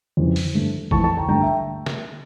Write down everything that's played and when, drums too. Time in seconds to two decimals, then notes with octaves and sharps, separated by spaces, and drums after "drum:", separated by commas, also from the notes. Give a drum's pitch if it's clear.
0.17 F2 C#3 E3 G3
0.36 drum: open hi-hat
0.55 G2 D3 A3
0.91 F2 E3 A3 A5 C#6, drum: kick G#1
1.04 A5 C#6
1.17 G5 A#5
1.29 G2 D3 A3 G5 A#5
1.42 E5 G5
1.86 drum: snare